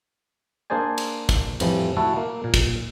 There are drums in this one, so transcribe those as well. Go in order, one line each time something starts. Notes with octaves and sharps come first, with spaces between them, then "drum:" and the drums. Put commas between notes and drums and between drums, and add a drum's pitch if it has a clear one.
A#3 D4 G#4 C5 D5 G#5
drum: cymbal
drum: kick, cymbal
F2 A2 E3 F3 G3, drum: cymbal
A3 E4 F#4 A4
A#3
A#2
drum: kick, cymbal